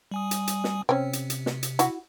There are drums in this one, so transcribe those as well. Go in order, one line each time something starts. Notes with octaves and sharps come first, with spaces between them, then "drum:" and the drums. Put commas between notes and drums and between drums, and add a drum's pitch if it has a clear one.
G3 G#5 D#6
drum: hi-hat
drum: hi-hat
drum: snare
C3 C4 C#4
drum: hi-hat
drum: hi-hat
drum: snare
drum: hi-hat
E4 F#4, drum: hi-hat